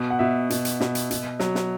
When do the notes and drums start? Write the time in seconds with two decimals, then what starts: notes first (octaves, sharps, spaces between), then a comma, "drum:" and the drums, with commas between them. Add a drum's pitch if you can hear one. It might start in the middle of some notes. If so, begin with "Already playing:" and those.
Already playing: B2
0.10 F#5
0.19 B2 E5
0.50 B2, drum: hi-hat
0.65 drum: hi-hat
0.80 B2, drum: snare
0.95 drum: hi-hat
1.11 B2, drum: hi-hat
1.40 F#3, drum: snare
1.55 drum: snare